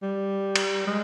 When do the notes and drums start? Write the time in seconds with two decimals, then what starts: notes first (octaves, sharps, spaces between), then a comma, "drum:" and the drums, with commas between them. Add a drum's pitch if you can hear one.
0.03 G3
0.56 drum: cymbal
0.87 G#3